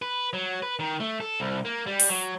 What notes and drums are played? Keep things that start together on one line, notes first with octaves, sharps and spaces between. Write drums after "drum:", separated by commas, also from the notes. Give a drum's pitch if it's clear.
B4
F#3
B4
D#3
A3
A4
C2
A#3
G3
drum: open hi-hat
F#3